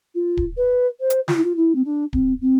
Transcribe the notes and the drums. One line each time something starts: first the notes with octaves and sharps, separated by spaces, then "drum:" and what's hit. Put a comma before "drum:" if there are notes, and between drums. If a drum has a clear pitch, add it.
F4
drum: kick D1
B4
C5
drum: hi-hat
F4, drum: snare
E4
F4
E4
C4
D4
C4, drum: kick D1
C4